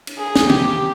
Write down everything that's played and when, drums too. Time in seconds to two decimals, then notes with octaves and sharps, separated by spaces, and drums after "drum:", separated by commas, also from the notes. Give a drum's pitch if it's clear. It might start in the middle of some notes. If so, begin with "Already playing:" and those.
0.07 drum: cymbal
0.19 G#4
0.35 drum: snare
0.50 G4, drum: tom